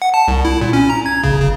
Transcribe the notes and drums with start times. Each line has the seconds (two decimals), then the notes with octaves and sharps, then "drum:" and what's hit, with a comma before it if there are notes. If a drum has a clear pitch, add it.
0.02 F#5
0.14 A5
0.28 C2
0.45 E4
0.61 A#2
0.73 C#4
0.90 A#5
1.06 G#6
1.23 C#3, drum: kick
1.40 C#3